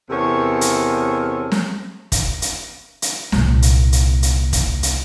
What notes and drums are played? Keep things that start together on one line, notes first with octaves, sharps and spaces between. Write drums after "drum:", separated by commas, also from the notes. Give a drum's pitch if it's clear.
E2 C3 A4 A#4 C#5
drum: hi-hat
drum: snare
drum: kick, hi-hat
drum: hi-hat
drum: hi-hat
C2 A#2, drum: snare
drum: hi-hat
drum: hi-hat
drum: hi-hat
drum: kick, hi-hat
drum: hi-hat